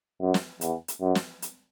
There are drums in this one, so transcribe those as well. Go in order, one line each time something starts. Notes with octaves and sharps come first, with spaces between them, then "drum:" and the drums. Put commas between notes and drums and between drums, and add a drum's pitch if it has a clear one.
F#2
drum: snare
E2, drum: hi-hat
drum: hi-hat
F#2
drum: snare
drum: hi-hat